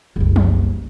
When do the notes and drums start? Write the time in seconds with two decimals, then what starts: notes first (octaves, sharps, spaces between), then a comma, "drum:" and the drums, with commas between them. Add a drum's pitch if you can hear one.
0.16 F#1 C2
0.36 drum: tom